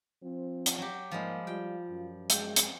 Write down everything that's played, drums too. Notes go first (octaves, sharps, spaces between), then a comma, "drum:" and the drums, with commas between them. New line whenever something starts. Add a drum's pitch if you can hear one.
F3 C4
drum: hi-hat
F#3 G4
G#2 F3 G3 G#3 A#3
G3 F4 G5
F#2
G#3 G5, drum: hi-hat
drum: hi-hat